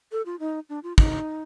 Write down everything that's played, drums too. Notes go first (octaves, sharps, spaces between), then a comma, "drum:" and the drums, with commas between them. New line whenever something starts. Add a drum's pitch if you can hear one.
A4
F4
D#4
D4
F4
D#4, drum: kick